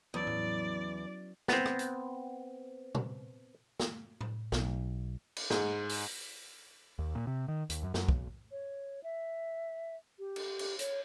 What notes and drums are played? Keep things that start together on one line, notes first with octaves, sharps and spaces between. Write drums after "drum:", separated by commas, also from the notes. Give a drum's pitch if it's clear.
E2 F#3 C#4 D5
drum: tom A2
B3 C4, drum: snare
drum: rim click
drum: hi-hat
drum: tom A#2
drum: snare
drum: tom A2
B1, drum: snare
drum: cymbal
G#2, drum: snare
drum: open hi-hat
D#2
A#2
C3
D#3
D#2, drum: hi-hat
F#2
F#2, drum: snare
B1, drum: kick B1
C#5
E5
G4
drum: cymbal
drum: cymbal
C#5, drum: hi-hat